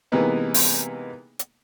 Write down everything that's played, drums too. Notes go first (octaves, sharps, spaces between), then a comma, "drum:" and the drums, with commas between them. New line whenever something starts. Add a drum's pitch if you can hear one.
C3 E3 G#3 A#3 B3 D#4
drum: open hi-hat
drum: hi-hat